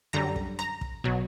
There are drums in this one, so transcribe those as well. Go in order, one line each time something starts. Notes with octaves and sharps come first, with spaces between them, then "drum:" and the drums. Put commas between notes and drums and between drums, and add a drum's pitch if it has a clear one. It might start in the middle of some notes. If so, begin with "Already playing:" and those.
F#2 D3 G3 A#5
drum: kick
A#5, drum: rim click
drum: kick
B2 F#3, drum: tom